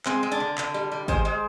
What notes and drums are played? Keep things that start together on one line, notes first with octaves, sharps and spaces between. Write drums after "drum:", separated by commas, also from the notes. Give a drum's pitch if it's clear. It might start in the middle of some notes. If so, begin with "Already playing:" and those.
G#3 C4, drum: clap
G#3
D4, drum: hi-hat
D3
D3, drum: clap
G3
G3
G#3 C5, drum: kick G#1, hi-hat
G#3